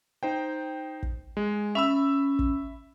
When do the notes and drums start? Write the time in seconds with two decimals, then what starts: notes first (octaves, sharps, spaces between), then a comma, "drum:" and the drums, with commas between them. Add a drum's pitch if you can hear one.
0.23 D#4 C5 G5
1.03 drum: kick
1.37 G#3
1.75 C#4 E5 B5 E6
2.39 drum: kick